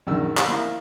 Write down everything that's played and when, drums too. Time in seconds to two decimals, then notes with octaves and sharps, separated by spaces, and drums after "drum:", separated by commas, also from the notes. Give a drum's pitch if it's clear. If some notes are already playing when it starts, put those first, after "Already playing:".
0.07 A#1 F#2 D#3 E6
0.37 drum: clap
0.48 A#3 E4